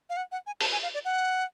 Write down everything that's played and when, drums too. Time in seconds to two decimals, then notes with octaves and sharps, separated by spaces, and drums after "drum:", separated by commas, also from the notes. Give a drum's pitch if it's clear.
0.10 F5
0.17 F#5
0.32 F#5
0.47 G#5
0.61 A5, drum: open hi-hat
0.72 G#5
0.83 F5
0.94 D5
1.05 F#5